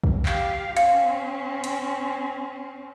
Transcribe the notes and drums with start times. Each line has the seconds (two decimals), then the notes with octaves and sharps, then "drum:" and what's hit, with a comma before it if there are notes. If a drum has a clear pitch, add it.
0.04 drum: kick
0.26 G4 F5, drum: clap
0.77 C4 C#4 F5, drum: hi-hat
1.64 drum: hi-hat